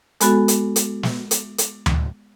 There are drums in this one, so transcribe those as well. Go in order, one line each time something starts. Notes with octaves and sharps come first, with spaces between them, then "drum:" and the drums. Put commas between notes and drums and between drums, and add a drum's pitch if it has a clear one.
G#3 B3 F#4 A4, drum: hi-hat
drum: hi-hat
drum: hi-hat
drum: snare
drum: hi-hat
drum: hi-hat
drum: tom D2